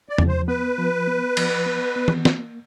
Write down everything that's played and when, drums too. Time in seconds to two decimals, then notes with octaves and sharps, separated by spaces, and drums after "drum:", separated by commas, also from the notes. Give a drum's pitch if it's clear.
0.09 D5
0.18 F3, drum: tom E2
0.28 C5
0.48 B3 B4
0.78 F3
1.07 B3
1.37 F3, drum: cymbal
1.66 B3
1.96 B3
2.08 drum: tom E3
2.25 A#3, drum: snare